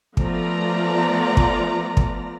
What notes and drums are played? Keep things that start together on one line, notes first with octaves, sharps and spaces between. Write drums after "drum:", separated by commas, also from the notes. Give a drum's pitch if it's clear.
F3 A3 B3 F4 D5 A#5, drum: kick
drum: kick
drum: kick